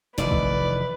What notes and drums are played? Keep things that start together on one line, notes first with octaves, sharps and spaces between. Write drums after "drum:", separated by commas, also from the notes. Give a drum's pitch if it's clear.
F1 D#3 E3 B4 D5, drum: snare
drum: kick